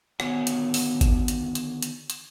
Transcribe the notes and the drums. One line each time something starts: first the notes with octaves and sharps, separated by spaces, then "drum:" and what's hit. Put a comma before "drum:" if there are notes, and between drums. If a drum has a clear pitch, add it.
D3 D#3 B3 F#4 C#5 G#5, drum: rim click
drum: hi-hat
drum: open hi-hat
drum: kick G#1, hi-hat
drum: hi-hat
drum: hi-hat
drum: hi-hat
drum: hi-hat